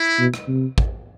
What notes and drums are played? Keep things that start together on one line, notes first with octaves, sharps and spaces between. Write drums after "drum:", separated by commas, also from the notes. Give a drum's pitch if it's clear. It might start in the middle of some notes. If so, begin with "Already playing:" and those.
Already playing: E4
B2
drum: rim click
C3
drum: kick